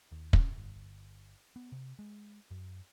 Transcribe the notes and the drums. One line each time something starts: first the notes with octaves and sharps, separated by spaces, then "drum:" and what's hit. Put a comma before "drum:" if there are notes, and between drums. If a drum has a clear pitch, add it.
D#2
C#4, drum: kick
G1
B3
C3
G#3
F#2